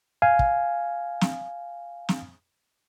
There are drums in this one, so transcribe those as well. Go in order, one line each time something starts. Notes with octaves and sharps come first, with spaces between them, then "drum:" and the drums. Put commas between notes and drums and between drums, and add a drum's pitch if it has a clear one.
F5 G#5
drum: kick
drum: snare
drum: snare